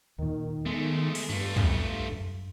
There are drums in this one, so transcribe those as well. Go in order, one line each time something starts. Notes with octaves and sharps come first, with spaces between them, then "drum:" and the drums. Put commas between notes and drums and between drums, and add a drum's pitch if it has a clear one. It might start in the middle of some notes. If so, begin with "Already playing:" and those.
D#2 A#2 D#3
G#3 A3 B3
drum: cymbal
G2 A3 F4
drum: tom
F#2